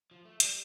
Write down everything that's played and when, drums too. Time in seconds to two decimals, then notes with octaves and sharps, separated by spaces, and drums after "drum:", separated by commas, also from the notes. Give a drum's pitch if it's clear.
0.11 F3
0.25 A3
0.40 G3, drum: hi-hat